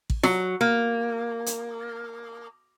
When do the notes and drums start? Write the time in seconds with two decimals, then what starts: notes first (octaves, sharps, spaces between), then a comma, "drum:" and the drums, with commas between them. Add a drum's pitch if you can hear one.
0.10 drum: kick A1
0.23 F#3, drum: snare F4
0.61 A#3
1.46 drum: hi-hat